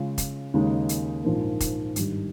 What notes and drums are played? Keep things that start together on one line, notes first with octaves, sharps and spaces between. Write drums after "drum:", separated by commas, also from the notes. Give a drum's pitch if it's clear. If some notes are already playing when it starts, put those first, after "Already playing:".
Already playing: C#3 G#3 C#4 F4
drum: kick, hi-hat
D#2 C#3 G#3 D#4
drum: hi-hat
A#1 G#2 F3 A#3
drum: kick, hi-hat
G#1 G2 G3, drum: hi-hat